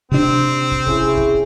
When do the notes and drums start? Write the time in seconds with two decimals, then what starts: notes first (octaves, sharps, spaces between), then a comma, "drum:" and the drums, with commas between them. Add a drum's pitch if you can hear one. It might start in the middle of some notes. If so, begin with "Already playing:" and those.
0.12 C3 C4 D4
0.71 drum: kick
0.87 C#4 E4 G#4, drum: kick
1.17 drum: kick